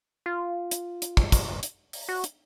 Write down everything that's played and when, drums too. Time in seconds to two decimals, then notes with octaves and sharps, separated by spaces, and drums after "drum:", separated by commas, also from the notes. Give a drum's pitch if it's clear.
0.26 F4
0.71 drum: hi-hat
1.02 drum: hi-hat
1.17 drum: kick
1.32 drum: kick, hi-hat
1.63 drum: hi-hat
1.93 drum: open hi-hat
2.09 F#4
2.24 drum: hi-hat